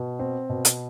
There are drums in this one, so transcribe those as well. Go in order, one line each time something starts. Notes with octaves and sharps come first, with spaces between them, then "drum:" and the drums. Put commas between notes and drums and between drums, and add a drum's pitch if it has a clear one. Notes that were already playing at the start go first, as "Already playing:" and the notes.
Already playing: B2
C4
B2
drum: hi-hat